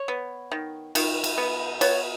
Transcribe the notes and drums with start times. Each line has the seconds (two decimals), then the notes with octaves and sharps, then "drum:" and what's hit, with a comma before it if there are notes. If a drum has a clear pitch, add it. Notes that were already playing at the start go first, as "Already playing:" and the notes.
Already playing: C#5
0.08 B3
0.52 D#3
0.95 D#3, drum: cymbal
1.24 drum: cymbal
1.38 B3
1.81 B3 C#5, drum: cymbal